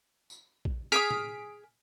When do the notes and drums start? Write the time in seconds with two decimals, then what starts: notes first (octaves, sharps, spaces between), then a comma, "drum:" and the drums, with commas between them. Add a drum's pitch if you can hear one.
0.30 drum: tambourine
0.65 drum: kick A#1
0.92 G#4 G#5 D#6 F6 B6 D7
1.11 drum: tom A#2